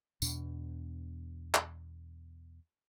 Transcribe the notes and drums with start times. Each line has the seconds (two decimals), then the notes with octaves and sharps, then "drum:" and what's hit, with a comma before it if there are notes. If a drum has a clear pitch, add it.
0.22 E2 B2 D4, drum: tambourine
1.54 drum: clap